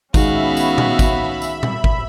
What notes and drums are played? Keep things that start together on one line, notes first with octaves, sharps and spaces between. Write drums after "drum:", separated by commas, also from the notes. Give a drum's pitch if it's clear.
D#3 G#3 B3 C#4 F#4 E5 F5 B5, drum: kick G#1, tambourine
drum: tambourine
drum: tom A#2
drum: kick G#1, tambourine
drum: tambourine
drum: tom A#2
drum: kick G#1